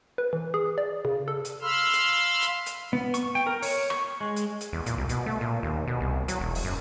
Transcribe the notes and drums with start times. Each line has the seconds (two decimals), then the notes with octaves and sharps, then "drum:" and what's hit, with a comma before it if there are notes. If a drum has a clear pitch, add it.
0.18 B4
0.33 E3
0.54 G#4
0.78 D5
1.05 C#3
1.28 A4
1.45 drum: hi-hat
1.62 F5 B5 C6 E6 F6
1.93 drum: hi-hat
2.42 drum: hi-hat
2.66 drum: hi-hat
2.93 B3
3.14 C#6, drum: hi-hat
3.35 G5
3.47 A#4
3.62 C#5, drum: open hi-hat
3.90 C#6, drum: rim click
4.21 G#3
4.36 drum: hi-hat
4.61 drum: hi-hat
4.73 E2
4.86 A#2, drum: hi-hat
4.98 C2
5.09 B2, drum: hi-hat
5.26 A3
5.41 A#2
5.63 D#2
5.88 B2
6.01 C2
6.28 F#3, drum: hi-hat
6.41 E1
6.55 drum: open hi-hat
6.64 F#2